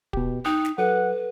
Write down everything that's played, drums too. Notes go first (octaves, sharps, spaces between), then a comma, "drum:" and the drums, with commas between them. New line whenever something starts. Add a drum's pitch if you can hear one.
B2 G4, drum: kick
D#4 G5 D#6 F#6
drum: snare
F#3 A4 B4 F#5